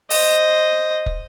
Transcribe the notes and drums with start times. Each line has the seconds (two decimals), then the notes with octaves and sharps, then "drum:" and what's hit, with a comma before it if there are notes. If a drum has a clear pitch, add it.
0.10 C5 D#5, drum: open hi-hat
1.06 drum: kick